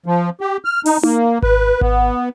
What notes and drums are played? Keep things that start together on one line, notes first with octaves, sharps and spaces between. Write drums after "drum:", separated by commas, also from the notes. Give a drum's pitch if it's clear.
F3
G4
F6
D#4, drum: open hi-hat
A#3, drum: tom D#4
B4, drum: kick G#1
B3, drum: kick G#1